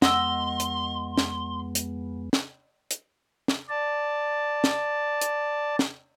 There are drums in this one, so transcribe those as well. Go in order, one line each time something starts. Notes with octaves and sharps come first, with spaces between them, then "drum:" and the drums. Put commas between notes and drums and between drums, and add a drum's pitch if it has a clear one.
F2 G#3 B3 D#5 F#5 C6 E6, drum: snare
drum: hi-hat
drum: snare
drum: hi-hat
drum: snare
drum: hi-hat
drum: snare
D5 A5
drum: snare
drum: hi-hat
drum: snare